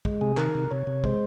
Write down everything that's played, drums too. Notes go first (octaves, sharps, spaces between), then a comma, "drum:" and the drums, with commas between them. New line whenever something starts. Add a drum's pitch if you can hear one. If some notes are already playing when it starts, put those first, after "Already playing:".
G#3, drum: kick
C3 G#4
D#3 A#4, drum: clap
C3
C3 C#5
C3
G#3 C5, drum: kick